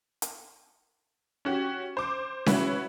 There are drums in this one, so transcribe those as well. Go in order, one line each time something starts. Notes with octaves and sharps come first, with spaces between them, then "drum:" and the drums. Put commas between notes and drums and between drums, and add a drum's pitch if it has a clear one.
drum: hi-hat
C#4 F#4 G4
C5 D6
E4 F#4 B4 C#5, drum: snare C#4